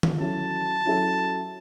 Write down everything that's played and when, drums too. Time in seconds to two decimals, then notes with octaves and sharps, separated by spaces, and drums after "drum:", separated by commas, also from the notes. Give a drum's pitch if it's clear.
0.03 drum: tom D#3
0.19 F#3 C#4 E4 A4 A5
0.85 F#3 C#4 E4 A4